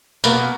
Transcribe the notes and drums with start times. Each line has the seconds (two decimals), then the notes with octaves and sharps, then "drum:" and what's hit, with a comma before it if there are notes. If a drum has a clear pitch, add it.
0.24 B2 A#3, drum: tambourine